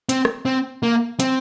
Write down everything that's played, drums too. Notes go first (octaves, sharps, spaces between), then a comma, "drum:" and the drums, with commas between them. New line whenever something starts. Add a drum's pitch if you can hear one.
C4, drum: hi-hat
drum: rim click
C4
A#3
C4, drum: hi-hat